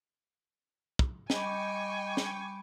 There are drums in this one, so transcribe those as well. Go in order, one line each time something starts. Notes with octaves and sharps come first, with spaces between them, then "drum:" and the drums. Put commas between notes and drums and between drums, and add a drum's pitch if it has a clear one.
drum: kick
G3 D#5 G5 G#5 B5 C#6 D6, drum: snare
drum: snare